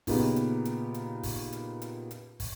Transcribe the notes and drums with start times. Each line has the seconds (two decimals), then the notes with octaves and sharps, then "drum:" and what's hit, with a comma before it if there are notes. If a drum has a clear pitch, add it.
0.07 A#2 C#3 B3 D#4 G4, drum: kick, open hi-hat
0.36 drum: hi-hat
0.65 drum: hi-hat
0.94 drum: hi-hat
1.23 drum: kick, open hi-hat
1.52 drum: hi-hat
1.82 drum: hi-hat
2.11 drum: hi-hat
2.40 drum: kick, open hi-hat